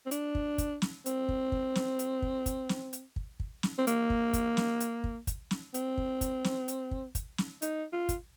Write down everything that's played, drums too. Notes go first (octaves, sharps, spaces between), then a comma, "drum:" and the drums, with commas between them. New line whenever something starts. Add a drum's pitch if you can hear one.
C4
D4, drum: hi-hat
drum: kick
drum: kick, hi-hat
drum: snare
C4, drum: hi-hat
drum: kick
drum: kick
drum: snare
drum: hi-hat
drum: kick
drum: kick, hi-hat
drum: snare
drum: hi-hat
drum: kick
drum: kick
drum: snare
C4
A#3, drum: hi-hat
drum: kick
drum: kick, hi-hat
drum: snare
drum: hi-hat
drum: kick
drum: kick, hi-hat
drum: snare
C4, drum: hi-hat
drum: kick
drum: kick, hi-hat
drum: snare
drum: hi-hat
drum: kick
drum: kick, hi-hat
drum: snare
D#4, drum: hi-hat
F4
drum: kick, hi-hat